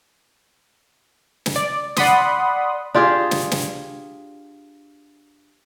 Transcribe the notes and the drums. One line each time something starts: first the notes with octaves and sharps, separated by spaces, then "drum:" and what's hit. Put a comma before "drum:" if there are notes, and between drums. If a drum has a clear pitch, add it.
drum: snare
D5
D5 F#5 B5 C6 D#6, drum: snare
D4 F4 G4 G#4
drum: snare
drum: snare